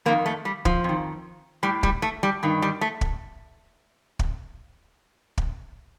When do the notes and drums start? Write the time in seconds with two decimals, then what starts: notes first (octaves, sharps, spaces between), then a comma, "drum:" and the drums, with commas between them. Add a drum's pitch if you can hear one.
0.05 F2 D#3 A#3
0.26 A3
0.45 G3
0.65 F3, drum: kick
0.84 F2 D#3
1.63 A2 G3
1.83 G3, drum: kick
2.02 A3
2.23 G3
2.43 G2 D#3
2.62 G3
2.81 A3
3.01 drum: kick
4.19 drum: kick
5.38 drum: kick